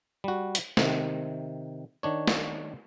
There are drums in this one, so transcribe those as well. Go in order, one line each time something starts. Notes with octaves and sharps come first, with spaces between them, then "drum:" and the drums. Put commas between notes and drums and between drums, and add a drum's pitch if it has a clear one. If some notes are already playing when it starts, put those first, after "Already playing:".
G3 F#4
drum: hi-hat
C3 D#3, drum: snare
D#3 D4 C#5
drum: snare